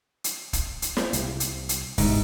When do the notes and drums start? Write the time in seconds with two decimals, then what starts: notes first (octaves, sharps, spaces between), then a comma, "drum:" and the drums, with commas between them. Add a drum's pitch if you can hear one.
0.24 drum: hi-hat
0.53 drum: kick, hi-hat
0.82 drum: hi-hat
0.97 drum: snare
1.13 C2, drum: hi-hat
1.40 drum: hi-hat
1.69 drum: hi-hat
1.98 G1 C2 G#2, drum: kick, open hi-hat